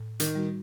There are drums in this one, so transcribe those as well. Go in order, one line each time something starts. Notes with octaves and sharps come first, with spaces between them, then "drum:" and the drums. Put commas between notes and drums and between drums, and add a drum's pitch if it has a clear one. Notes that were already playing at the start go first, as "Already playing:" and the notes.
Already playing: A2
D#3, drum: hi-hat
G3 D#4 F#4